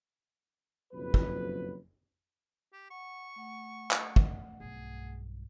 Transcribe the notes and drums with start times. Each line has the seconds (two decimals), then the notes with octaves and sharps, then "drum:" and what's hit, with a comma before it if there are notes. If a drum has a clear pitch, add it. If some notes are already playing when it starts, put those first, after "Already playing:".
0.93 F#1 B1 F2 F#3 B4
1.14 drum: kick
2.73 G4
2.90 F#5 C#6
3.36 A3 F#5
3.91 drum: clap
4.16 drum: kick
4.60 B1 G2 G#4